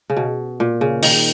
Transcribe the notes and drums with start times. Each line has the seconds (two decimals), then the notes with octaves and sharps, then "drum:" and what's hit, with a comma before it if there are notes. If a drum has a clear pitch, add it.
0.10 C#3
0.17 B2
0.60 A#2
0.81 C#3
1.03 D#3, drum: open hi-hat